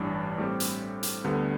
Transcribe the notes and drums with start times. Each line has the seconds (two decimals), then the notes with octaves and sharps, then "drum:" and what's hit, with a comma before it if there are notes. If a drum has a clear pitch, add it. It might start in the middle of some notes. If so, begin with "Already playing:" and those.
Already playing: A1 G2 E3 G3 D4
0.38 A2 G3 C4 G4
0.60 drum: hi-hat
1.03 drum: hi-hat
1.24 D2 D3 G3 B3